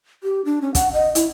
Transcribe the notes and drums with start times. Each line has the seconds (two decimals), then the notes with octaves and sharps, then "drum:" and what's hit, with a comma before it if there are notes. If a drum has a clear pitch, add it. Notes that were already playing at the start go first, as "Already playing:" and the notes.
0.23 G4
0.45 D4
0.62 C#4
0.75 F#5, drum: kick, hi-hat
0.94 D#5
1.15 E4, drum: hi-hat